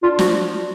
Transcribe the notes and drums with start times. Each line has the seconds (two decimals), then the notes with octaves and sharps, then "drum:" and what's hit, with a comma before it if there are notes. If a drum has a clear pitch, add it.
0.03 D4 F4
0.19 F3 F#4, drum: snare